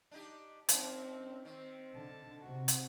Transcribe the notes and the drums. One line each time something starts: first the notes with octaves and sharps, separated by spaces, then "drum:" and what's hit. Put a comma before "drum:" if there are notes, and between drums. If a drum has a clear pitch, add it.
D4 D#4 G4
F#2 C4 D#4, drum: hi-hat
D#3 C4
D3 A5
C3 F#4
drum: hi-hat